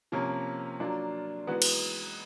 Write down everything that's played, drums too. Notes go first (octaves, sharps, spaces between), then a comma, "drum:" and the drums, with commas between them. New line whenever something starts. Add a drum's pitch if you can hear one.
C3 F3 A#3 C#4
F#3 A#3 D4 F4
E3 G#3 B3 D#4 F#4
drum: cymbal